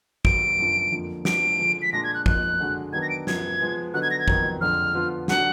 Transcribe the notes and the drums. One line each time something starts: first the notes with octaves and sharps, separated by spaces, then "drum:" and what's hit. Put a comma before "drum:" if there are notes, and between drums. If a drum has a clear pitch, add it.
D#3 F#3 B3 D7, drum: kick
F#2 F3 B3 D4 F4
F2 D3 F3 A#3
F3 B3 D4 D7, drum: snare
D3 F3 G#3
B6
A#2 G#3 D4 F4 A#6
G#6
F#6
F2 F3 A#3 D#4 F#6, drum: kick
D3 G#3 D4 F#4
D#3 F#3 B3 D4 G#6
A#6
D7
F#2 F3 B3 G#6, drum: snare
F3 G#3 B3
D3 F#3 B3 D#4 F#6
G#6
A#6
G#6
F2 D#3 F#3 B3, drum: kick
F2 D3 G#3 F6
D3 F3 B3 F4
D3 F#3 D4 F#4 F#5, drum: snare